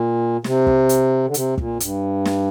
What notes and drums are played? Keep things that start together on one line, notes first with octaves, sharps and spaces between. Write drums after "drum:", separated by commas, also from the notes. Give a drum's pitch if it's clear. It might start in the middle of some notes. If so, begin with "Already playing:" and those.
Already playing: A#2
C3, drum: snare
drum: kick
drum: hi-hat
D3
C3, drum: hi-hat
A#2, drum: kick
F2
G2, drum: hi-hat
drum: snare